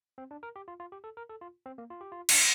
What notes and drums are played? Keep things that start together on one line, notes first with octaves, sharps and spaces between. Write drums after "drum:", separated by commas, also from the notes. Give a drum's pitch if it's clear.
C4
D4
A#4
G4
F4
F4
G4
A4
A#4
A4
F4
C4
A#3
F4
G4
F4
D4, drum: cymbal